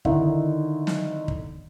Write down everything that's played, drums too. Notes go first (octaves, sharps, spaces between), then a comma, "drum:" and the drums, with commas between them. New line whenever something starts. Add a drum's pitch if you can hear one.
D3 D#3 D#4 E4, drum: kick
drum: snare
drum: kick